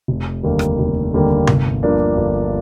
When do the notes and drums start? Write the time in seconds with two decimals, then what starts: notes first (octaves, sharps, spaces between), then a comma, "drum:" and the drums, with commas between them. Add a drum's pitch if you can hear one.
0.08 F1
0.43 D#2 D3 G3 A#3
0.59 drum: rim click
0.79 F1
1.13 D#2 D3 G3 A#3
1.47 G1, drum: tom C3
1.83 G2 F3 A#3 D4
2.17 G1